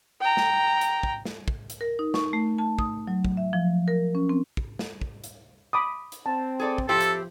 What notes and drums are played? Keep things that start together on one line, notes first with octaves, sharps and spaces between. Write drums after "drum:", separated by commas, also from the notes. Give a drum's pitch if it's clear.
G5 A#5
drum: snare
drum: hi-hat
drum: kick
drum: snare
drum: kick
drum: hi-hat
A#4
D#4
C#6, drum: snare
A3
A5
D#6, drum: kick
F#3
drum: kick
E5
F3
A#4
C#4
C4
drum: kick
drum: snare
drum: kick
drum: hi-hat
B5 D6 D#6
drum: hi-hat
C4 A5
G#4 A4 D5
drum: kick
F3 C4 E4 G4 A4
drum: hi-hat